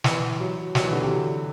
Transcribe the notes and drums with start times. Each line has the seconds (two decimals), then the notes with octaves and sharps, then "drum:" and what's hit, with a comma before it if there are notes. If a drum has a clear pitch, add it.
0.04 E3, drum: snare
0.40 F#3
0.75 F#3, drum: snare
0.83 E3
0.93 D3
1.01 C3